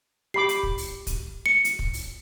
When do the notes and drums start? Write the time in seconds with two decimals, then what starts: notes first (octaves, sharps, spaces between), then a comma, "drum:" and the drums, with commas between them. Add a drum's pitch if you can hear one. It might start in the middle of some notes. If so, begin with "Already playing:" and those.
0.34 G4 B5 D6 C7
0.49 drum: hi-hat
0.63 drum: kick
0.78 drum: open hi-hat
1.07 drum: kick, hi-hat
1.46 C#7
1.65 drum: hi-hat
1.79 drum: kick
1.94 drum: open hi-hat